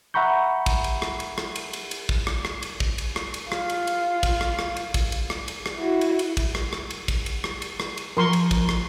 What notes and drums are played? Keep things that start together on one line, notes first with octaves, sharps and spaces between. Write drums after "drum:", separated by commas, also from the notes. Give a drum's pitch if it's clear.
E5 F#5 A#5 B5 C#6 G6
drum: kick, cymbal
drum: cymbal
drum: rim click
drum: cymbal
drum: rim click
drum: cymbal
drum: cymbal
drum: cymbal
drum: kick
drum: rim click
drum: rim click
drum: cymbal
drum: kick
drum: cymbal
drum: rim click
drum: cymbal
F4, drum: rim click
drum: cymbal
drum: cymbal
drum: kick, cymbal
drum: rim click
drum: rim click
drum: cymbal
drum: kick, cymbal
drum: cymbal
drum: rim click
drum: cymbal
drum: rim click
E4 F#4
drum: cymbal
drum: cymbal
drum: kick, cymbal
drum: rim click
drum: rim click
drum: cymbal
drum: kick, cymbal
drum: cymbal
drum: rim click
drum: cymbal
drum: rim click
drum: cymbal
F3 A#4 C6 C#6
drum: cymbal
drum: kick, cymbal
drum: rim click